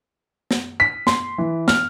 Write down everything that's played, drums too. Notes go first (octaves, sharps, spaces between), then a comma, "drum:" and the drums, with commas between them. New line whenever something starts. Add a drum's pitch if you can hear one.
drum: snare
B6
C6, drum: snare
E3
F6, drum: snare